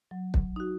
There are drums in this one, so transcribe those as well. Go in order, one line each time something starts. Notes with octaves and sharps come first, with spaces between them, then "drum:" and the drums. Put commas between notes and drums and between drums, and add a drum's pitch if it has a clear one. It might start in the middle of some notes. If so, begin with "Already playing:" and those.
F#3
drum: kick
D#4 F#4